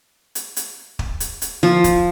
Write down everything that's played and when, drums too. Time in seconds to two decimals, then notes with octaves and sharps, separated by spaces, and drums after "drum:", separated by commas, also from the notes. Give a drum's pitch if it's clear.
0.35 drum: hi-hat
0.57 drum: hi-hat
0.99 drum: kick
1.20 drum: hi-hat
1.42 drum: hi-hat
1.63 F3
1.84 drum: kick, hi-hat